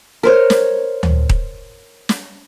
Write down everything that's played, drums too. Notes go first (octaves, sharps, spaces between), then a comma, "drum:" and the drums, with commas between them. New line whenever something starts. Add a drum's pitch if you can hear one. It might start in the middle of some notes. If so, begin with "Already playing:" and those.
A#4 C5 C#5
drum: snare
drum: tom D2
drum: kick D#1
drum: snare